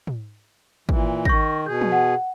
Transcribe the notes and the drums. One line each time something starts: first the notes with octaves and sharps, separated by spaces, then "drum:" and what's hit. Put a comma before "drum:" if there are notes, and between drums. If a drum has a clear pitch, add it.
drum: tom
A#2 E3, drum: kick
D#3 C#6 G6 A#6, drum: kick
B2 G#4 G6
drum: tom
F#5